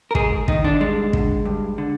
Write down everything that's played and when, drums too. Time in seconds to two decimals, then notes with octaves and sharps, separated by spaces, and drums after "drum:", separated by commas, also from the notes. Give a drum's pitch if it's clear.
0.11 A#4
0.15 G#2 G#4, drum: kick
0.48 D#3 D#4, drum: kick
0.64 D4
0.80 G2 G#3
1.13 D3, drum: kick
1.45 G2
1.78 D3